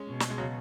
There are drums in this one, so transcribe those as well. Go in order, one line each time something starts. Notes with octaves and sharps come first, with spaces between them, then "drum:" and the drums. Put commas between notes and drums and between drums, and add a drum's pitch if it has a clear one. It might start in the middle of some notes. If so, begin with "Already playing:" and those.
Already playing: G#3 C#4
B2
drum: snare
G#3
C#3 F#3